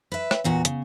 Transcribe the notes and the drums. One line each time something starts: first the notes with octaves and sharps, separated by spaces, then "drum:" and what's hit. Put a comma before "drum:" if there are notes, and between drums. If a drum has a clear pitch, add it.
B4 E5
drum: rim click
E2 A#2 F#4
C#3, drum: hi-hat